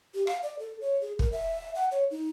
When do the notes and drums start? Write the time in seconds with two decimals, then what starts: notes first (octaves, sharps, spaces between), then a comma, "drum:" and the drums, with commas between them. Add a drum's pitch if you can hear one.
0.14 G4
0.27 F5, drum: rim click
0.43 D5
0.59 A4
0.81 C#5
1.02 G#4
1.19 A#4, drum: kick
1.32 E5
1.75 F#5
1.92 C#5
2.11 D#4